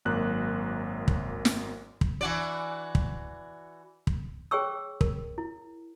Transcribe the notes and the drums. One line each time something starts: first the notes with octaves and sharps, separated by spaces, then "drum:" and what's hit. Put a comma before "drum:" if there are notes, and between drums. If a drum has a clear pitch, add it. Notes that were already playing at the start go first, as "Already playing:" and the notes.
G#1 F#2 A#3 F#6
drum: kick
drum: snare
drum: kick
E3 F#4 D5
drum: kick
drum: kick
G#4 C#5 G5 C#6 E6
A#4, drum: kick
E4